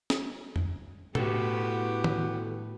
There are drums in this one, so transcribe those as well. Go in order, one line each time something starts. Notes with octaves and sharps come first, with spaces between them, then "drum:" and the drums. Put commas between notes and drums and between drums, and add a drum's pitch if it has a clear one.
drum: snare
drum: tom F2
A2 B3 F#4 G4 A4, drum: tom B2
drum: tom